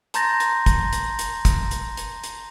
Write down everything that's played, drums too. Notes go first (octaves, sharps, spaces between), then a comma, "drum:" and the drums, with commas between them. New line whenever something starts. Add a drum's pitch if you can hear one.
A5 A#5 C6 G6 A6 A#6, drum: hi-hat
drum: hi-hat
drum: kick, hi-hat
drum: hi-hat
drum: hi-hat
drum: kick, hi-hat
drum: hi-hat
drum: hi-hat
drum: hi-hat